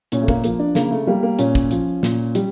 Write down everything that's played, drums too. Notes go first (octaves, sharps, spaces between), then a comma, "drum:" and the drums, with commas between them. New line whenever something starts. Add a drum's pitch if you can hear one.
A#2 C#4, drum: hi-hat
A3
A#3, drum: kick
F3 A#3, drum: hi-hat
D4
C#3 A#3, drum: snare
A3
G3 A#3
A#3
A#2 C#4, drum: hi-hat
drum: kick
F3, drum: hi-hat
A#2, drum: snare
G3, drum: hi-hat